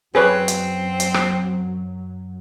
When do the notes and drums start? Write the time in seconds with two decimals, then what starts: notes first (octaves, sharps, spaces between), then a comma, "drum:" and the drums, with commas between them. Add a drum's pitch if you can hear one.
0.15 F#2 F#3 C4 G#4 B4 C#5
0.48 drum: hi-hat
1.00 drum: hi-hat
1.14 drum: rim click